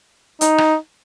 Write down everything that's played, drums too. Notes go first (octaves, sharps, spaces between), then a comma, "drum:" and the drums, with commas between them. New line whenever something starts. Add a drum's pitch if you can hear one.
D#4, drum: hi-hat
drum: rim click